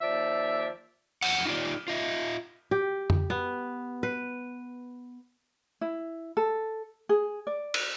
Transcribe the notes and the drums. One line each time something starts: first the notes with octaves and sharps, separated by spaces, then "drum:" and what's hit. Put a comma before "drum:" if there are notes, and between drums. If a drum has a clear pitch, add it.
D#2 F3 D5 E5
F2 F#3 F#5, drum: cymbal
D#4 F4 G4 D5
F4 D#5 E5
G4
drum: tom F2
B3
B4
E4
A4
G#4
D5
drum: cymbal